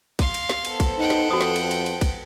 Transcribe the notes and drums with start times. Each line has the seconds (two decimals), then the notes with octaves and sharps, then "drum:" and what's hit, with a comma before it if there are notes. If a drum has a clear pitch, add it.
0.19 F5 C6, drum: kick A#1, cymbal
0.34 drum: cymbal
0.49 drum: snare
0.65 B3 A4 C5, drum: cymbal
0.80 drum: kick A#1, cymbal
0.98 D#4 F#5 G5
1.10 drum: snare
1.31 F2 F#4 D#6
1.41 drum: snare
1.56 drum: cymbal
1.71 drum: cymbal
1.86 drum: cymbal
2.01 drum: kick A#1, cymbal